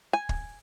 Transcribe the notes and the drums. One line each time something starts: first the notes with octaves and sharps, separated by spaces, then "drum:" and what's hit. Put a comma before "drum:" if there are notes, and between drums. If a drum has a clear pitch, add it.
G#5
drum: kick